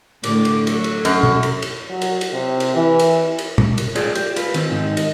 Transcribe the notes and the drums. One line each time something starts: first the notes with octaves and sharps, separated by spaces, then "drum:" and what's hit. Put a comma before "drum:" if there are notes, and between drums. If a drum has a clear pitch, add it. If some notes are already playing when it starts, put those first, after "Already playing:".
A2 D3 D6, drum: cymbal
drum: cymbal
F#3 A4, drum: cymbal
drum: cymbal
F#2, drum: cymbal
drum: tom
drum: cymbal
drum: cymbal
F#3
drum: cymbal
drum: cymbal
C3
drum: cymbal
E3
drum: cymbal
drum: cymbal
drum: tom
drum: cymbal
F4 G#4 C#5 D5, drum: cymbal
G4, drum: cymbal
F4 B4, drum: cymbal
D#3 C4, drum: cymbal
G#2 D#3 D#4
D#5, drum: cymbal